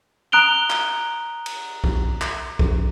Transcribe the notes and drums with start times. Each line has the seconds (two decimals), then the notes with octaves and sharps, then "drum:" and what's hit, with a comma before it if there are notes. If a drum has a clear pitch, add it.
0.32 A#5 D#6 F#6 D7 F7 G7
0.70 drum: clap
1.46 drum: cymbal
1.84 drum: kick B1
2.22 drum: clap
2.59 drum: kick B1